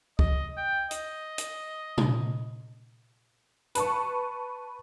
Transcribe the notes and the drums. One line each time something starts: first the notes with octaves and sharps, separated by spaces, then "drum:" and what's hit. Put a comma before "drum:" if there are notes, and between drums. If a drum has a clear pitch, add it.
D#5, drum: kick
G5
D#5, drum: hi-hat
drum: hi-hat
drum: tom A#2
B4 A5 C#6, drum: hi-hat